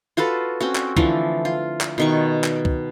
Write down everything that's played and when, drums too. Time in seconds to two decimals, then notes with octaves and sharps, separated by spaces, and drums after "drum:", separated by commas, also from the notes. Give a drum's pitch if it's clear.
0.17 F4 F#4 A4 B4
0.60 C4 C#4 F#4
0.75 drum: clap
0.97 D3 E3 F3 A3, drum: kick
1.45 F4
1.81 drum: clap
1.98 B2 D#3 C#6
2.44 drum: clap
2.65 drum: kick